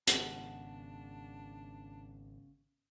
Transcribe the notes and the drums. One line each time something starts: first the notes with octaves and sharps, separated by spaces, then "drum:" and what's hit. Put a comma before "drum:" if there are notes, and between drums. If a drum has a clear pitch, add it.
G#1 C#3 B3 D4, drum: hi-hat